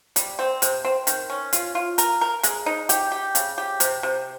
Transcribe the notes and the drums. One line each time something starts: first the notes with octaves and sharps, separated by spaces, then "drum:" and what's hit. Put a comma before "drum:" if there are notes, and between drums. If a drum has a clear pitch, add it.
G3, drum: hi-hat
C4
C3, drum: hi-hat
C4
D#3, drum: hi-hat
C#4
F4, drum: hi-hat
F4
A#4, drum: hi-hat
A#4
G#3, drum: hi-hat
D#4
G4, drum: hi-hat
G4
C#3, drum: hi-hat
G4
C3, drum: hi-hat
C3